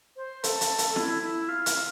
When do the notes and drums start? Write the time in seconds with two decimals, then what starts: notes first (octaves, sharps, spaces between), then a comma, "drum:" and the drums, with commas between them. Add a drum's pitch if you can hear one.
0.17 C5
0.44 A4, drum: hi-hat
0.61 drum: hi-hat
0.78 drum: hi-hat
0.96 E4, drum: snare
1.22 E4
1.49 F4
1.66 drum: hi-hat